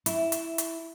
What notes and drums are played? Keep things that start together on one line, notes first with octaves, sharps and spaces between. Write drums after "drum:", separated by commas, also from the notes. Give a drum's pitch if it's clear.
E4, drum: hi-hat
drum: hi-hat
drum: hi-hat